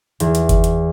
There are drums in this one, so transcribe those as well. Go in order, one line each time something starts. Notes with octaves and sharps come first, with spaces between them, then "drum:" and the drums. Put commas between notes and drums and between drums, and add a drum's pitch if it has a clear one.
E2, drum: hi-hat
drum: hi-hat
drum: kick F#1, hi-hat
drum: hi-hat